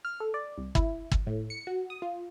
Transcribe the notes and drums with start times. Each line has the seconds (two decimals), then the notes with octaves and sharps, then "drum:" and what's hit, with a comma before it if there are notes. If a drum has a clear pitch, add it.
0.05 F6
0.20 A4
0.34 D5
0.57 C2
0.75 E4, drum: kick
1.12 drum: kick
1.27 A2
1.50 C#7
1.67 F#4
1.90 D#6
2.02 F4